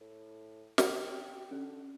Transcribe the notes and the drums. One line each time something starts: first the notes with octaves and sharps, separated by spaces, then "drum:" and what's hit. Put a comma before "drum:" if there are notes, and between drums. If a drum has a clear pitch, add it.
A2
drum: snare
G4
D3 C#4